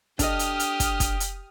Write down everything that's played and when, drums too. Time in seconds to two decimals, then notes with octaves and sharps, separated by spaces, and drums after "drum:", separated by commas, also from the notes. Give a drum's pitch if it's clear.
0.19 D4 G4 A4 D#5 D#6 F6, drum: kick, hi-hat
0.39 drum: hi-hat
0.60 drum: hi-hat
0.80 drum: kick, hi-hat
1.00 drum: kick, hi-hat
1.20 drum: hi-hat